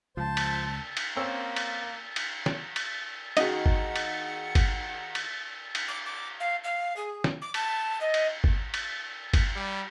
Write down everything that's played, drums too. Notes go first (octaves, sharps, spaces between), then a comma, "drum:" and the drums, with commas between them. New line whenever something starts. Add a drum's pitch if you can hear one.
C#2 F3 C5 A5
drum: cymbal
drum: cymbal
A#3 C4 C#4 E6
drum: cymbal
drum: cymbal
drum: snare
drum: cymbal
D#3 A#3 D#4 F#4 G#4 D#5 F#5, drum: cymbal
drum: kick G1
drum: cymbal
drum: kick G1, cymbal
drum: cymbal
drum: cymbal
D6
D6
F5
F5
G#4
drum: snare
D6
A5, drum: cymbal
D#5
drum: cymbal
drum: kick G1
drum: cymbal
drum: kick G1, cymbal
G3